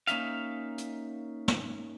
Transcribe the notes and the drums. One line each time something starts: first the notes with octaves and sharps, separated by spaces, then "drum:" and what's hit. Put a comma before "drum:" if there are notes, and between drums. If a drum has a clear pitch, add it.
A#3 C#4 D#4 E5 F5, drum: hi-hat
drum: hi-hat
drum: snare